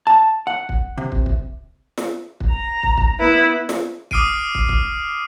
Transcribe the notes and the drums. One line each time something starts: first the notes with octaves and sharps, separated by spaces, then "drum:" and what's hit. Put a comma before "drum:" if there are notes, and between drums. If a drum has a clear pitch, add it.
A5
F#5
drum: kick
C3
drum: kick
drum: kick
drum: snare
drum: kick
A#5
drum: kick
drum: kick
B3 E4 B4
drum: snare
D6 D#6 F6 C7 D7 D#7, drum: kick
drum: kick
drum: kick